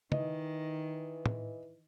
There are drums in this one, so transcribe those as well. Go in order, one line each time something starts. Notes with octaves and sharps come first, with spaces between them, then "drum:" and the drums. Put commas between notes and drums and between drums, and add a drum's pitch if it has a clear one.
D#3 E3 D#5, drum: tom
drum: tom